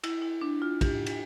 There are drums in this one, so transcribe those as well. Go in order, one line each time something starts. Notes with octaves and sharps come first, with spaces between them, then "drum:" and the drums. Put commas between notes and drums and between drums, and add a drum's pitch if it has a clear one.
E4, drum: cymbal
E4
D4
F4
G4, drum: kick, cymbal
drum: cymbal